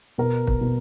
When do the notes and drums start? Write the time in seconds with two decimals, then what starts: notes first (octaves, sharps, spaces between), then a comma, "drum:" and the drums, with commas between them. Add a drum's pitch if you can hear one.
0.18 B2 A#4
0.47 drum: kick
0.61 B2